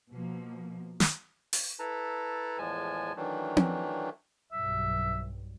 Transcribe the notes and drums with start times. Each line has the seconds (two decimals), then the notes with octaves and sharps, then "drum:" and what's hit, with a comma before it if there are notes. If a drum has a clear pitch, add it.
0.11 B2 F3 A#3
1.00 drum: snare
1.53 drum: open hi-hat
1.79 E4 A4 B4 A5 A#5
2.58 E2 A2 F3 G#3 G#5 A5
3.17 D#3 E3 F#3 A3 D4
3.57 drum: tom C4
4.52 B1 G2 E5